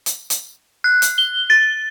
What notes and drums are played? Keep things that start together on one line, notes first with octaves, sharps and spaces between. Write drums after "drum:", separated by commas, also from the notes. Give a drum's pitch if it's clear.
drum: hi-hat
drum: hi-hat
F#6
drum: hi-hat
G7
A6